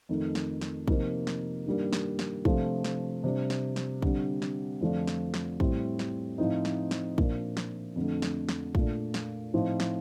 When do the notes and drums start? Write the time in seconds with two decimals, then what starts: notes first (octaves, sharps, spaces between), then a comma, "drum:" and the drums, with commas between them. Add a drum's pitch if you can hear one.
0.09 F2 D#3 A3
0.35 drum: snare
0.61 drum: snare
0.88 C3 F3 A#3 D#4, drum: kick
1.27 drum: snare
1.66 G2 D#3 G3 A#3
1.93 drum: snare
2.19 drum: snare
2.45 C3 F3 A3 D4, drum: kick
2.84 drum: snare
3.24 C3 G3 D4
3.50 drum: snare
3.76 drum: snare
4.02 D3 G3 C4, drum: kick
4.42 drum: snare
4.81 F2 D3 F3 A3 D4
5.07 drum: snare
5.34 drum: snare
5.60 A2 G3 C4, drum: kick
5.99 drum: snare
6.38 A2 F3 C4 D#4
6.65 drum: snare
6.91 drum: snare
7.18 A#2 F3 A#3 D4, drum: kick
7.57 drum: snare
7.96 F2 D3 A3
8.22 drum: snare
8.49 drum: snare
8.75 A#2 A3 D4, drum: kick
9.14 drum: snare
9.54 A2 F3 C4 D#4
9.80 drum: snare